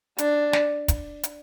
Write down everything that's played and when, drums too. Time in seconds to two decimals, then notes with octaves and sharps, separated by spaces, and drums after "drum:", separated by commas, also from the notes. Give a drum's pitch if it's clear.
0.18 D4, drum: hi-hat
0.53 drum: snare
0.88 drum: kick, hi-hat
1.23 drum: hi-hat